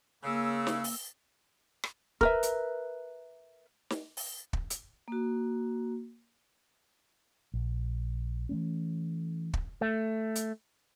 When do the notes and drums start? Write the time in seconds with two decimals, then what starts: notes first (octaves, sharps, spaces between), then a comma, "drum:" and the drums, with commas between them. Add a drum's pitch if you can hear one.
0.23 C#3 A#3 E6
0.67 drum: snare
0.84 drum: open hi-hat
1.84 drum: rim click
2.21 A#4 B4 E5, drum: kick
2.43 drum: hi-hat
3.90 drum: snare
4.17 drum: open hi-hat
4.53 drum: kick
4.70 drum: hi-hat
5.08 A#3 F#4
7.54 A#1
8.49 E3 A3 C#4
9.54 drum: kick
9.81 A3
10.35 drum: hi-hat